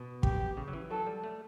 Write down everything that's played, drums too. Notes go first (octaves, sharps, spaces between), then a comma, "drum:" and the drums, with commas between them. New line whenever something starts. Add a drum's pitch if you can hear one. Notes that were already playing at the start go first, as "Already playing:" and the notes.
Already playing: B2
G4, drum: kick
C#3
F#3
E3
F#3 A4
G3
A3